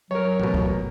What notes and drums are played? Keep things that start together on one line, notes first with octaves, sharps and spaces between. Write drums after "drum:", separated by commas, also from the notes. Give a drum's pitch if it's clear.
F#3 A#4 C#5
A1 B2
drum: kick